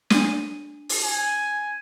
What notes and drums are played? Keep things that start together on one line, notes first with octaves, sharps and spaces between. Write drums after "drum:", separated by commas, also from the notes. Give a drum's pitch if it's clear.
D4 D#7, drum: snare
drum: open hi-hat
G#5